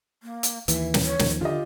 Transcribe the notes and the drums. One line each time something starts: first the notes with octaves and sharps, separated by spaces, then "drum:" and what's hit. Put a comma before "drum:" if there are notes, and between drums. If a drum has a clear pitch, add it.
A#3
drum: hi-hat
D#2 E3 E5, drum: hi-hat
drum: snare
C#5
D#2 D#3 F3, drum: snare
D3 F4 G4 D#5